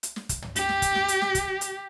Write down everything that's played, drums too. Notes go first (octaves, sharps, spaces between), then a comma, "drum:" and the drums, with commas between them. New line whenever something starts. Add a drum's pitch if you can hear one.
drum: hi-hat
drum: snare
drum: kick, hi-hat
drum: tom
G4, drum: hi-hat
drum: snare
drum: kick, hi-hat
drum: snare
drum: hi-hat
drum: snare
drum: kick, hi-hat
drum: hi-hat